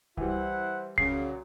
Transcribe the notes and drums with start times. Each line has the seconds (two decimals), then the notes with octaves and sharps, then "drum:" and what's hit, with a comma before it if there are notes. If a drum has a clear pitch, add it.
0.17 E3 G3 E4 C5 F#5, drum: kick C2
0.98 A#2 C#3 F#3 C7, drum: kick C2